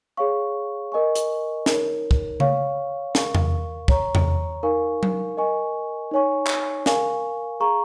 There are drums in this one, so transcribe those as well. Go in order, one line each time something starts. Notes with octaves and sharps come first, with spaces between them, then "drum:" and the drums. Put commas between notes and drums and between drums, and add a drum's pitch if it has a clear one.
G#4 C#5 F5 C#6
A#4 D#5 G#5 C#6
drum: hi-hat
D#4 A#4 C#5, drum: snare
drum: kick
C#5 F5 C#6, drum: tom C#3
A#4 F5 C#6, drum: snare
drum: tom E2
C#5 A#5 C#6, drum: kick
drum: tom E2
D#4 A#4 F5 G#5 C#6
drum: tom F#3
A#4 D#5 G#5 C#6
D#4 C#5 G#5 C#6
drum: clap
A#4 F5 G#5 C#6, drum: snare
G#4 F5 A#5 C#6